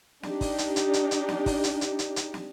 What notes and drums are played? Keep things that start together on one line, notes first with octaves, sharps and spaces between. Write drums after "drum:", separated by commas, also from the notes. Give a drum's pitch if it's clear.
D4 D#4 G4, drum: snare
drum: kick, open hi-hat
drum: hi-hat
drum: hi-hat
drum: hi-hat
drum: hi-hat
drum: snare
drum: kick, open hi-hat
drum: hi-hat
drum: hi-hat
drum: hi-hat
drum: hi-hat
drum: snare